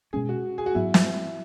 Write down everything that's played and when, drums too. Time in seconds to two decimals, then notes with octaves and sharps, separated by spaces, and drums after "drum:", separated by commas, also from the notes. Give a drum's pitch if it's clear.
0.13 B2 G#3 C#4 G#4
0.29 F#4
0.58 G#4
0.66 F#4
0.75 G#2 F#3 B3 E4
0.94 drum: snare